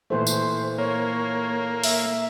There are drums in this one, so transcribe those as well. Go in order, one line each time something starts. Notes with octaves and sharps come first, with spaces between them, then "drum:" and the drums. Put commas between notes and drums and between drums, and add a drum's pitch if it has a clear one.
A#2 E3 A3 C5
drum: tambourine
A#3 C#5
E5, drum: open hi-hat